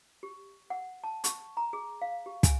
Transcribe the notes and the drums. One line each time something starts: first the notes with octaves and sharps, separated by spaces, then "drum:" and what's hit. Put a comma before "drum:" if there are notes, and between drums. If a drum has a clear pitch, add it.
G4
F#5
A5
C#6, drum: hi-hat
A#5
G#4
F5
G4
G#5, drum: kick, hi-hat